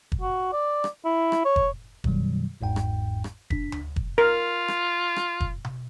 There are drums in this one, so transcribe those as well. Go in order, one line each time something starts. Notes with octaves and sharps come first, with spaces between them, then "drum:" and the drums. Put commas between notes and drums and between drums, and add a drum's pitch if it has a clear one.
drum: kick
F#4
D5
drum: rim click
E4
drum: rim click
C#5
drum: kick
F#2 B2 D#3 F#3 G3, drum: kick
G1 E2 G#2 G5
drum: rim click
drum: rim click
D4 B6, drum: kick
drum: tom D2
drum: kick
F4 A#4
drum: rim click
drum: rim click
drum: kick
drum: tom B2